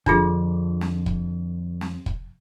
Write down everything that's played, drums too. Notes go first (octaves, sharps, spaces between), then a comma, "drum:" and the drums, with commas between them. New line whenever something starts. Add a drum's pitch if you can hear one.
F2 D3 D4 F4 G#4, drum: kick
drum: snare
drum: kick
drum: snare
drum: kick